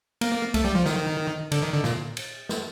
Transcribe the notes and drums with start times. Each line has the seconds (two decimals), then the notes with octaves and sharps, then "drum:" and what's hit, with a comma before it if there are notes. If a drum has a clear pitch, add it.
0.21 A#3, drum: cymbal
0.54 A3, drum: kick C2, cymbal
0.64 G3
0.75 F3
0.86 D#3, drum: snare
1.52 D3, drum: cymbal
1.62 D#3
1.73 D3
1.84 A#2, drum: snare
2.17 drum: cymbal
2.49 drum: snare